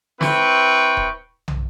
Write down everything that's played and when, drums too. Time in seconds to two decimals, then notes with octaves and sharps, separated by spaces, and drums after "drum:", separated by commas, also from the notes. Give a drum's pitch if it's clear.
0.21 C4 E4 B4 G5 C#6, drum: snare
0.97 drum: kick D#1
1.48 drum: tom